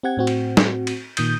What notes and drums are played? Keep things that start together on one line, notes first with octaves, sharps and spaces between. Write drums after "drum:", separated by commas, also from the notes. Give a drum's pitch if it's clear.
C4 G4 F#5 G#6
A2 C4 F#4
drum: cymbal
drum: snare
drum: cymbal
A#2 D#3 D#6 G6, drum: cymbal